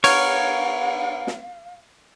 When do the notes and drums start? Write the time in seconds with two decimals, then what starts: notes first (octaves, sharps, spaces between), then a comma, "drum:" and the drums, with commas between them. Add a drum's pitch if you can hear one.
0.04 B3 A#4 C#5 F5, drum: cymbal
1.27 drum: snare